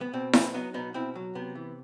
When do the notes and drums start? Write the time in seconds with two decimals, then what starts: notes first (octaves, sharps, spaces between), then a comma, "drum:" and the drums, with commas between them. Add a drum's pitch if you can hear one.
0.01 B3
0.13 B2 C4
0.33 F#3 C4 E4, drum: snare E4
0.53 F#3 B3 D#4
0.74 B2 B3 D#4
0.94 B2 C4 E4
1.15 F#3
1.35 C3 B3
1.55 E3